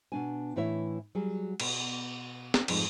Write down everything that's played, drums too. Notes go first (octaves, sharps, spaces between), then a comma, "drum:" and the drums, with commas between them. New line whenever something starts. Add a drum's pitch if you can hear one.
B2 D4 G#5
A2 E3 E4 C#5 E5
F#3 G3 F#4 G#4
B2, drum: cymbal
drum: snare
F2 G#2 F3 G#3 D#4, drum: cymbal